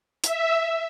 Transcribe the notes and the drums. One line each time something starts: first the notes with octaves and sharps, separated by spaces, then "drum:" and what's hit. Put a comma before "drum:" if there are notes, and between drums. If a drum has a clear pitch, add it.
E5, drum: hi-hat